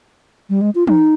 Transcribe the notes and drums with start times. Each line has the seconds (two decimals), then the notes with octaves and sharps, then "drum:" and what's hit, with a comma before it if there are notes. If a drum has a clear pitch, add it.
0.49 G3
0.61 G#3
0.75 F4
0.87 D#4, drum: tom E3